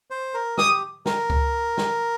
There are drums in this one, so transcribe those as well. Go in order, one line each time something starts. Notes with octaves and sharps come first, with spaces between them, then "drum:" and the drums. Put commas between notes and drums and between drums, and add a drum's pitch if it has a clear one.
C5
A#4
G4 D#6, drum: snare
A#4, drum: snare
drum: kick C#2
drum: snare